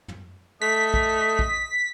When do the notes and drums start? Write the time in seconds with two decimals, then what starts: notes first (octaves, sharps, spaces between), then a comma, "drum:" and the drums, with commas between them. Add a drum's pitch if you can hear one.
0.08 drum: tom
0.62 A3 D#5 B6
0.94 drum: kick A#1
1.39 drum: kick A#1